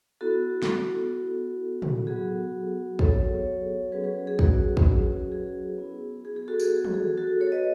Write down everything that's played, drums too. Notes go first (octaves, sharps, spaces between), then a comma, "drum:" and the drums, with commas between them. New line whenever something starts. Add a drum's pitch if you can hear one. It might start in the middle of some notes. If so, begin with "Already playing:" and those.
B3 E4 F#4 A4
drum: snare
drum: tom
F#3 B3 F#4 G#4
A4 C#5, drum: kick
F#3 C#4 F#4 G#4 B4
G#4 B4
G#4
F#4, drum: kick
drum: kick
G#4
B3 E4
G#4
G#4
F#4 A4
G#4, drum: tambourine
drum: tom
G#4
F#4 A4
A4 C#5
B4 D#5